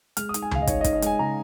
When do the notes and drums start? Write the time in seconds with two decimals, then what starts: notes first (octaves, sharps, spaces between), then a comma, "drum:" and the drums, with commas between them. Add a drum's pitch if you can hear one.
0.17 G#3 F6, drum: hi-hat
0.29 D#6
0.34 D#4, drum: hi-hat
0.42 G#5
0.51 C#3 F5, drum: tom C#2
0.62 D#5
0.67 D#4 C#5, drum: kick, hi-hat
0.81 D#5
0.84 D#4, drum: kick, hi-hat
0.93 D#5
1.02 G#3 G#5, drum: hi-hat
1.19 C#3 A#5